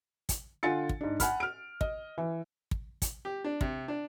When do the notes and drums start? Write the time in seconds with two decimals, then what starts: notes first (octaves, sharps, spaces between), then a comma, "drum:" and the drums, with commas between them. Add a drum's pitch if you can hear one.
0.29 drum: kick, hi-hat
0.63 D3 F4 F#5 G#5 A6 C#7
0.89 drum: kick
1.01 G#2 D4
1.20 F#5 G#5 B5 F6, drum: kick, hi-hat
1.40 F6 D7
1.81 D#5, drum: kick
2.18 E3
2.71 drum: kick
3.02 drum: kick, hi-hat
3.25 G4
3.44 D4
3.61 C3, drum: kick
3.88 D4